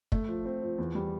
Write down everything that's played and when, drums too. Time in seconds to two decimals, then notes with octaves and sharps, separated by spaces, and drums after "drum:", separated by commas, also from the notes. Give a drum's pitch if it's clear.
0.12 A3, drum: kick
0.28 F3
0.45 C4
0.62 F3
0.78 E2
0.95 G3